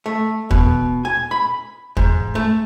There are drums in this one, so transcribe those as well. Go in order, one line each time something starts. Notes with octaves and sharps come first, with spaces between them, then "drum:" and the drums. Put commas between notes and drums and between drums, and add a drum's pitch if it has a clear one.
A3
B2, drum: kick
G#5
B5
G#2, drum: kick
A3